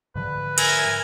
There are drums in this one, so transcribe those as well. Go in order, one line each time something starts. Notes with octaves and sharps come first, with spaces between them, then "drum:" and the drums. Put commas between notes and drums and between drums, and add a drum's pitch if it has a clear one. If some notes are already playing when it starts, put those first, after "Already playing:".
G#2 D3 F3 B4
A#4 E5 G#5, drum: cymbal